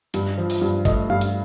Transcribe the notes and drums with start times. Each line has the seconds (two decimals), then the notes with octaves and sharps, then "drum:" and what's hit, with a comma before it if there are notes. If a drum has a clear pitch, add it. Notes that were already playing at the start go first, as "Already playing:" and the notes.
0.14 G2, drum: hi-hat
0.38 F3
0.50 drum: open hi-hat
0.61 G2
0.85 A3 D#5, drum: kick G1, hi-hat
1.10 G2 F5
1.21 drum: hi-hat